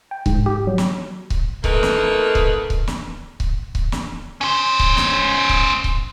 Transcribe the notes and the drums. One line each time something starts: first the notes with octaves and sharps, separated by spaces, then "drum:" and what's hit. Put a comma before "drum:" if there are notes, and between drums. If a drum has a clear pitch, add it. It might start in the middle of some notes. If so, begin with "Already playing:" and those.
G5
G#2, drum: kick C#1
G4
F#3
drum: snare
drum: kick C#1
A3 A#3 C4 D#4 A#4 B4, drum: kick C#1
drum: snare
drum: kick C#1
drum: kick C#1
drum: snare
drum: kick C#1
drum: kick C#1
drum: snare
C#4 C5
drum: kick C#1
drum: snare
drum: kick C#1
drum: kick C#1